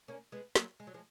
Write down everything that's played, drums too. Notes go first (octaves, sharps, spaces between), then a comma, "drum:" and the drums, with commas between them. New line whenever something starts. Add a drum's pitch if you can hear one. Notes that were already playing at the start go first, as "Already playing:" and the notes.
A#3 C#4
G#3 B3
F#3 A#3, drum: snare
G#3
F#3
F3 G#3